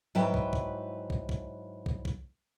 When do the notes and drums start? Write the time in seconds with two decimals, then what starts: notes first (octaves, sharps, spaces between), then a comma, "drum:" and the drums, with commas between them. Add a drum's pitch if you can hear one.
0.15 G#2 F#3 E4 B4 G5
0.34 drum: kick
0.53 drum: kick
1.10 drum: kick
1.29 drum: kick
1.86 drum: kick
2.05 drum: kick